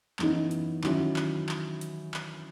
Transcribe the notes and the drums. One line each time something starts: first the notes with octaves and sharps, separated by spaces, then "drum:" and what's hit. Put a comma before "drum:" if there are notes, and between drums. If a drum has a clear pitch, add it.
F#2 E3 B3 D#4, drum: clap
drum: hi-hat
D#3 F#3 C#4 E4, drum: clap
drum: clap
drum: clap
drum: hi-hat
drum: clap